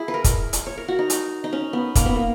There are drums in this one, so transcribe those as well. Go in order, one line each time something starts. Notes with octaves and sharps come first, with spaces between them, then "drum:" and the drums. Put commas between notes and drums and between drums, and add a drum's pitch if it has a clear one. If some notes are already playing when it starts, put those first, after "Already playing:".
Already playing: E4 G#4
B4
A#4
drum: kick, hi-hat
drum: hi-hat
C#5
A#4
F#4
D#4
drum: hi-hat
D#4
C#4
B3
A#3, drum: kick, hi-hat
B3
A#3